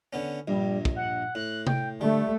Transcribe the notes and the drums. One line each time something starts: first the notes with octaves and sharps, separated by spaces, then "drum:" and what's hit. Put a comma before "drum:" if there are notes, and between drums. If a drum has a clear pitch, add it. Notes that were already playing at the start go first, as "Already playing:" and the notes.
D3 B3 C#4
A#1 G2 G3
drum: kick
F#5
A2 F#6
G5, drum: tom C3
D3 G3 A3